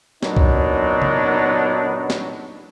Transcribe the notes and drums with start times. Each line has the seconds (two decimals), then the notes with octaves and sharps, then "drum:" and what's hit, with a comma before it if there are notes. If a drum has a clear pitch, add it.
0.23 F#2 A#2 F#3 B3 D4 D#4, drum: snare
0.37 drum: kick C2
1.02 drum: tom C#3
2.10 drum: snare